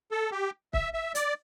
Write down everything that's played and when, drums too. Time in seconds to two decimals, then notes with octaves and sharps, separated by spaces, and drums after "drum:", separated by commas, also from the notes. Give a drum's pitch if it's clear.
0.11 A4
0.32 G4
0.73 E5, drum: kick
0.94 E5
1.15 D5, drum: hi-hat